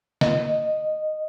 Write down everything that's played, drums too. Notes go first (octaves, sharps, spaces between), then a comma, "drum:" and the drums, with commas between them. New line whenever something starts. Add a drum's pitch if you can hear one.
D#5, drum: snare